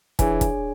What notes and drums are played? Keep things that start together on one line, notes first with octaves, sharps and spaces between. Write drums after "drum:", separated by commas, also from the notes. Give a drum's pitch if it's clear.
E3 D4 G#4 C#5 G#5, drum: kick, hi-hat
drum: kick, hi-hat